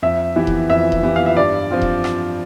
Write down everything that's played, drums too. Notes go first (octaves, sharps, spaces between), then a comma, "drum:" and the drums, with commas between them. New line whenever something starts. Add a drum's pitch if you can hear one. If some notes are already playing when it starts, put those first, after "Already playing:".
F2 E5
E3 B3 E4 G4
drum: kick D#1
F2 E5
drum: kick D#1
E3 B3 E4 G4
F5
E5
G2 D5
F3 C4 F4
drum: kick D#1
drum: rim click